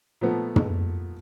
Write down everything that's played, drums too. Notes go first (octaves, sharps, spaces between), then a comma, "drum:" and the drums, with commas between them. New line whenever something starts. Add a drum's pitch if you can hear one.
A#2 F3 A3 B3
drum: tom